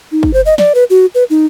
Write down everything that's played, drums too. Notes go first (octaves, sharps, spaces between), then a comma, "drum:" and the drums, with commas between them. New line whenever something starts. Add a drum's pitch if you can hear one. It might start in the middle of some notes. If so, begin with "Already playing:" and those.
D#4
drum: kick
C5
D#5
D5, drum: snare
B4
F#4
B4
D#4